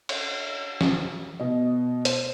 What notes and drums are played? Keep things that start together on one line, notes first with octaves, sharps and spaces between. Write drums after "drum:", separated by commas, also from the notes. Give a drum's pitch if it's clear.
drum: cymbal
drum: snare
B2 D#5
C5, drum: hi-hat